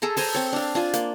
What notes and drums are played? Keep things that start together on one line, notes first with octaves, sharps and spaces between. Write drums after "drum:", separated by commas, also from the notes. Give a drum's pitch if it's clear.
G#4 A4 A#5 C6
A4 C5 G#5 A#5, drum: open hi-hat
C4 C#5
D4 F5
D4 F4 G#5
A#3, drum: hi-hat